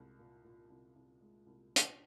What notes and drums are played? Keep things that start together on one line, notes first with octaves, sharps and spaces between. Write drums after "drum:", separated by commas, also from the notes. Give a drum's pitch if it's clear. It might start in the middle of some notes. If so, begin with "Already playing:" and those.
Already playing: C2 A#2 G#3
A#2
A#2
C2
C2
G#3
C2
drum: hi-hat